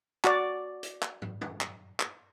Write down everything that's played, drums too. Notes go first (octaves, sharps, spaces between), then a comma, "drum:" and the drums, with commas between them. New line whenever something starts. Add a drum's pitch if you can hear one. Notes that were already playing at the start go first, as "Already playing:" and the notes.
F#4 D5, drum: clap
drum: hi-hat
drum: clap
drum: tom
drum: tom
drum: clap
drum: clap